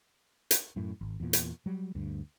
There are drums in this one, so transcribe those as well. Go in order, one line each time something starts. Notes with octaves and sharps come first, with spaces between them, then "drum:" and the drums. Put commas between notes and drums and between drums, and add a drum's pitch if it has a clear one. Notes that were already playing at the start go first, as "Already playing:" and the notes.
drum: hi-hat
F#2 A2
G#1
E2 A#2
drum: hi-hat
F#3 G3
D2 G2